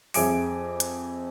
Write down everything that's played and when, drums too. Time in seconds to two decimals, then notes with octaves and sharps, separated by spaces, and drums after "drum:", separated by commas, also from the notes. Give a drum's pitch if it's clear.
0.14 F2 G#4 E5 G#5 D6 D7, drum: open hi-hat
0.80 drum: hi-hat